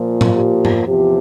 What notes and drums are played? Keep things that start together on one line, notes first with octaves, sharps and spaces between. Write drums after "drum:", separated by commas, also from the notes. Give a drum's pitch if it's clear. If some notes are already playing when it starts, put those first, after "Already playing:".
Already playing: A#2 F3
drum: tom A2
G4
drum: tom G#2
E2 C3 F3 G4